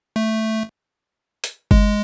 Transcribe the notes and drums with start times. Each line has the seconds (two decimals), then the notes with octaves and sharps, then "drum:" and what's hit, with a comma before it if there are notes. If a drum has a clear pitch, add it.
0.16 A3
1.44 drum: hi-hat
1.71 G#3, drum: kick G1